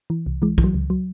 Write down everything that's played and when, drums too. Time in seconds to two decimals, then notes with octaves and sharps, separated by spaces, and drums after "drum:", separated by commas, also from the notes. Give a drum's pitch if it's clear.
0.10 E3
0.26 C2
0.42 E3 G#3
0.58 E3, drum: kick
0.64 F#3
0.74 C#2
0.90 F#3